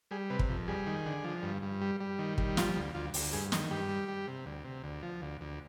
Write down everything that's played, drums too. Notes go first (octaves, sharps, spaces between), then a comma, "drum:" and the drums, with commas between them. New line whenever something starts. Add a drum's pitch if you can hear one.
G3 G#4
C3 B4
drum: kick
F2
G3 G#4
D#3
D3
F3
G2
G2
G3
G3
D#3
G3, drum: kick
F3 F4, drum: snare
D2
D2 F4
D2, drum: open hi-hat
G2 G#4
D#3, drum: snare
G2 G4
G3
G3
C3
D2
C3
D2
F3
D2
D2